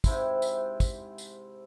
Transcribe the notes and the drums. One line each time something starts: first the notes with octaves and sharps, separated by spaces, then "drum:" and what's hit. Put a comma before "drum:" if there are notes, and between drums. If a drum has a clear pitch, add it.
G#2 C3 E4 C5, drum: kick, tambourine
drum: tambourine
drum: kick, tambourine
drum: tambourine